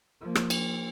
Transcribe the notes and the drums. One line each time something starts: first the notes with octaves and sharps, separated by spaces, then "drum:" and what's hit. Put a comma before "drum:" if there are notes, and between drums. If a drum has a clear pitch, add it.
F3 A#3
drum: rim click
drum: cymbal